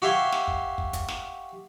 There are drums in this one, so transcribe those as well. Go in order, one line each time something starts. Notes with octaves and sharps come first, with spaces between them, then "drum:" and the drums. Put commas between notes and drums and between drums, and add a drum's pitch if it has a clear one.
F#4 G4 E5 F5 G#5 C6
drum: snare
drum: kick
drum: kick
drum: kick, hi-hat
drum: snare